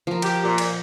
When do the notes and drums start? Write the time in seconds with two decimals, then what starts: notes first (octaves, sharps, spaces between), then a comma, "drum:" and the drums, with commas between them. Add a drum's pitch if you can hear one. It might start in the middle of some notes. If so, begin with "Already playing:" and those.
0.07 F3 A#4
0.22 G4, drum: cymbal
0.43 A#2
0.58 drum: cymbal